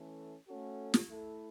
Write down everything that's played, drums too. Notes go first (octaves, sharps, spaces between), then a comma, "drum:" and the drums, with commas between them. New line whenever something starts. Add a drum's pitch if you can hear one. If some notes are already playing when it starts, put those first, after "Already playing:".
Already playing: E3 A3 C#4 A4
A3 C#4 F#4 A4
drum: snare
A3 E4 A4